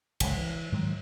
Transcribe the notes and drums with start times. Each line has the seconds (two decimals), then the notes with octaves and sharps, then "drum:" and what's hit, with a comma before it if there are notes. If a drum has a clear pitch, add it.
0.20 G1 C#2, drum: cymbal
0.37 E3
0.72 G#2 D#3 F#3